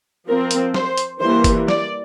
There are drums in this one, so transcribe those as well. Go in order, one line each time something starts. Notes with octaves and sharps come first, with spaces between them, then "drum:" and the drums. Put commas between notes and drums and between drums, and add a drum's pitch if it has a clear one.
F3 C4 A#4
drum: hi-hat
C5, drum: snare
drum: hi-hat
E3 G3 A#3 C5
drum: kick F#1, hi-hat
D5, drum: snare